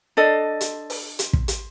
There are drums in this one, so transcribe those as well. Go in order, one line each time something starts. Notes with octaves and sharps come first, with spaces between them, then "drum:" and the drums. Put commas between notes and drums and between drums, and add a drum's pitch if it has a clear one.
D4 A4 D5 D#5
drum: hi-hat
drum: open hi-hat
drum: hi-hat
drum: kick
drum: hi-hat